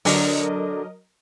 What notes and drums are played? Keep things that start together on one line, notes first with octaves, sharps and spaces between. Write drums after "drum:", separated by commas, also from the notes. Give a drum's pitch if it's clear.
D3 F#3 D4 A#4 D#5, drum: open hi-hat